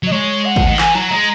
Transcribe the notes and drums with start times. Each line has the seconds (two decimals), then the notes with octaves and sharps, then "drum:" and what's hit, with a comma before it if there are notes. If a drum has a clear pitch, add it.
0.03 F#3
0.07 D#5
0.12 G#3 C#5
0.45 F#5
0.56 drum: kick
0.66 D#3
0.79 E3 G#5, drum: clap
0.95 F#3 A#5
1.11 G#3 A#5